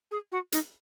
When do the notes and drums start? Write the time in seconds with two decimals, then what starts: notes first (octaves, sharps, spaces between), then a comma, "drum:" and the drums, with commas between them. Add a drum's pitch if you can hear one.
0.11 G#4
0.32 F#4
0.52 D#4, drum: hi-hat